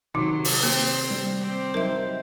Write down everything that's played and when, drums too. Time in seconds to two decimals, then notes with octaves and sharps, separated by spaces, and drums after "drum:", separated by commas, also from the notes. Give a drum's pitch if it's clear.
0.15 C3 D#3 F#3 D#4 D6
0.45 drum: open hi-hat
0.63 A#3 C4 G4
1.10 G3
1.41 C4 G4
1.74 F#3 D#4 A#4 C5 E5